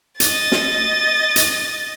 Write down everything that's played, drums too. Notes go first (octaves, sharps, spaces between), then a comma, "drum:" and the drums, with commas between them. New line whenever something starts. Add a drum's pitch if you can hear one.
D#5 A6, drum: hi-hat
drum: snare
drum: hi-hat